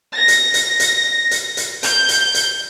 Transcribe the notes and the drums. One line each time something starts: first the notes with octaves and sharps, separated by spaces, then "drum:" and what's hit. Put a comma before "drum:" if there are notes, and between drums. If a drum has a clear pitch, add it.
A#6
drum: hi-hat
drum: hi-hat
drum: hi-hat
drum: hi-hat
drum: hi-hat
G6, drum: hi-hat
drum: hi-hat
drum: hi-hat